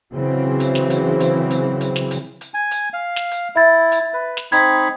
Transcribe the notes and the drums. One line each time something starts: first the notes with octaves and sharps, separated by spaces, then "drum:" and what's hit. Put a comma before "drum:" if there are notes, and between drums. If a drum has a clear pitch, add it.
C#3 E3 F#3 C4
drum: hi-hat
drum: snare
drum: hi-hat
drum: hi-hat
drum: hi-hat
drum: hi-hat
drum: snare
drum: hi-hat
drum: hi-hat
G#5
drum: hi-hat
F5
drum: snare
drum: hi-hat
E4 E5 A6
drum: hi-hat
B4
drum: snare
C4 D#4 B5 G#6 B6, drum: hi-hat